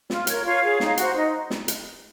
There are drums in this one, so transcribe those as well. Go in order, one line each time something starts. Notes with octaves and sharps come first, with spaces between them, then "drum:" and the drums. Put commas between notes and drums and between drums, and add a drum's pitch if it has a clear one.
F4, drum: snare
A#4 C#5, drum: hi-hat
F4 C#5 F5
G#4 C#5
D#4, drum: snare
F#4 C5, drum: hi-hat
D#4 D#5
drum: snare
drum: hi-hat